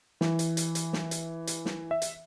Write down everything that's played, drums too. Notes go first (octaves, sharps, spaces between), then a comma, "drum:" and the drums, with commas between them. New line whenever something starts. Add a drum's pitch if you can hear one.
E3, drum: snare
drum: hi-hat
drum: hi-hat
drum: hi-hat
drum: snare
drum: hi-hat
drum: hi-hat
drum: snare
E5
drum: hi-hat